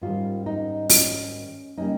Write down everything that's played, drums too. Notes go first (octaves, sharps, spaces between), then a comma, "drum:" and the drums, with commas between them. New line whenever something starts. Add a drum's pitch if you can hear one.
G#2 D#3 G3 C#4 F4
D#4
C#4, drum: open hi-hat
C#3 G3 A#3 C#4 D#4